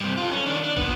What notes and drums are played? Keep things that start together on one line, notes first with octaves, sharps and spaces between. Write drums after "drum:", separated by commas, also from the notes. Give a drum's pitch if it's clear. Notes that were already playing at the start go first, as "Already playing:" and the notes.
G2 C3
F4 A4
C#4, drum: rim click
D#3 D4
D4
A#2 B3, drum: kick